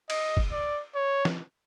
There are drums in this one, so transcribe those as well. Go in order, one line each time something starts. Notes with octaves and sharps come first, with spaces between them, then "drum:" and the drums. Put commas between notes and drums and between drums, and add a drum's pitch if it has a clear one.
D#5, drum: cymbal
drum: kick
D5
C#5
drum: snare